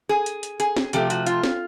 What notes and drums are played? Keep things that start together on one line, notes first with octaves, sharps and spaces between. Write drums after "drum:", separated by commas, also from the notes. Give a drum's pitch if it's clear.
G#4
drum: hi-hat
drum: hi-hat
G#4, drum: hi-hat
drum: snare
C3 F3 A3 G4, drum: hi-hat
F#4, drum: hi-hat
F4, drum: hi-hat
drum: snare